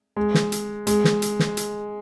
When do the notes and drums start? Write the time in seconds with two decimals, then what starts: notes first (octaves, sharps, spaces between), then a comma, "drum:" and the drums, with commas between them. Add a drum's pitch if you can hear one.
0.16 G#3
0.34 drum: snare
0.52 drum: hi-hat
0.87 G#3, drum: hi-hat
1.04 drum: snare
1.22 drum: hi-hat
1.39 drum: snare
1.57 drum: hi-hat